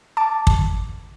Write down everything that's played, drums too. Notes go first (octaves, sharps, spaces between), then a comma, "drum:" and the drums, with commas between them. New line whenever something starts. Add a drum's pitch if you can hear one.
A5 D6
drum: kick